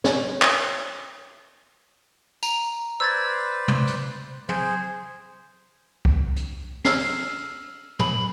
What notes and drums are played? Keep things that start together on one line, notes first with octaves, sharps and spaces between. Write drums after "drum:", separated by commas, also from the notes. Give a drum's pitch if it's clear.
C#5, drum: snare
drum: clap
A#5, drum: tambourine
B4 C5 D5 E6 G#6 A6
drum: tom
drum: hi-hat
G#4 C5, drum: tom
drum: kick C2
drum: hi-hat
E6 F6 C7, drum: snare
drum: open hi-hat
B5, drum: tom